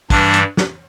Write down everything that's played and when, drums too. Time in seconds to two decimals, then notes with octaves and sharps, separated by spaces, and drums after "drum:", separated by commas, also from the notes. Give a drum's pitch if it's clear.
0.10 G2 E3 G3 D4, drum: kick, open hi-hat
0.34 drum: hi-hat
0.57 drum: snare